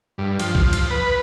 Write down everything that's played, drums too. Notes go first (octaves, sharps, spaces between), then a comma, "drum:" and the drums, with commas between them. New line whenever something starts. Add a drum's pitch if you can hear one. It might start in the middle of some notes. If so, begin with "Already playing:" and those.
G2
F3, drum: cymbal
drum: kick A#1
drum: cymbal
B4